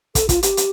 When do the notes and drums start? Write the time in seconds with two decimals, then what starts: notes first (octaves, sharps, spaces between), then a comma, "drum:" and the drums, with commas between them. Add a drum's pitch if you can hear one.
0.15 A4, drum: kick, hi-hat
0.29 F4, drum: kick, hi-hat
0.43 G4, drum: hi-hat
0.57 drum: hi-hat